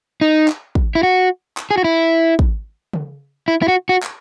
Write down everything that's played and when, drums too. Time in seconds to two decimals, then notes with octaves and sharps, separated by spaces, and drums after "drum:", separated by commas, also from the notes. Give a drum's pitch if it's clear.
0.21 D#4
0.48 drum: clap
0.75 drum: kick
0.95 E4
1.03 F#4
1.57 drum: clap
1.71 G#4
1.78 F#4
1.84 E4
2.39 drum: kick
2.94 drum: tom C#3
3.48 E4
3.62 E4
3.68 F#4
3.89 F#4
4.03 drum: clap